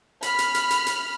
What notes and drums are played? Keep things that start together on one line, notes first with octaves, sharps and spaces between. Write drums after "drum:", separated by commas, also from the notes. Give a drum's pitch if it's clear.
B5 F6, drum: hi-hat
drum: hi-hat
drum: hi-hat
drum: hi-hat
drum: hi-hat